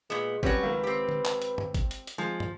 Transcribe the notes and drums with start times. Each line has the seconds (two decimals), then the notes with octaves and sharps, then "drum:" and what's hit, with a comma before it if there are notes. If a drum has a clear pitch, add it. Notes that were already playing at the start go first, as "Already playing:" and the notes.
0.10 A#2 G#3 B3
0.43 F#3 G3 C#4 F#4 B4 C#5, drum: kick
0.63 C#2 D#3
0.84 C4 G4
1.09 drum: tom
1.25 drum: clap
1.42 drum: hi-hat
1.58 drum: tom
1.74 drum: kick, hi-hat
1.91 drum: hi-hat
2.07 drum: hi-hat
2.18 F3 G#3
2.40 drum: tom